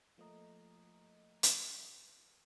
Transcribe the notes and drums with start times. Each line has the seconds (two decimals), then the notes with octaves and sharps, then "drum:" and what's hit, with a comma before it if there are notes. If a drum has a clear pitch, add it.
0.18 F3 A3 A#3 D#5 A#5
1.43 drum: hi-hat